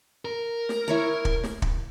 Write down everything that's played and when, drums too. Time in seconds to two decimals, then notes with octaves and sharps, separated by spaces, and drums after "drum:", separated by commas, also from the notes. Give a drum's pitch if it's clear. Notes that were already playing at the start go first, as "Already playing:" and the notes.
0.25 A#4
0.69 drum: snare
0.88 E4 C#5 A#5
1.25 drum: kick
1.44 drum: snare
1.62 drum: kick